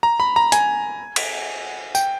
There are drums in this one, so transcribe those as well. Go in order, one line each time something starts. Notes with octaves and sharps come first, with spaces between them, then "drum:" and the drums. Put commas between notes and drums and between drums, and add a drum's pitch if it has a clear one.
A#5
B5
A#5
G#5, drum: hi-hat
drum: cymbal
G5, drum: tambourine